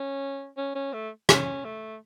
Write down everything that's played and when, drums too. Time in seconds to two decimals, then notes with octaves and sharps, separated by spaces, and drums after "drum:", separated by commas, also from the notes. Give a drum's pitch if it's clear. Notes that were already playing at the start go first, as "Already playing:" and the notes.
Already playing: C#4
0.57 C#4
0.75 C#4
0.93 A3
1.29 C#4, drum: rim click
1.64 A3